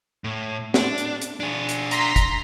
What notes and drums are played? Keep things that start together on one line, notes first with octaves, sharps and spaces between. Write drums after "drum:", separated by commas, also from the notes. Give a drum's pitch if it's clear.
A2
D4, drum: snare
drum: hi-hat
drum: hi-hat
D4 G#4
drum: hi-hat
A#5 C6 B6, drum: hi-hat
drum: kick, hi-hat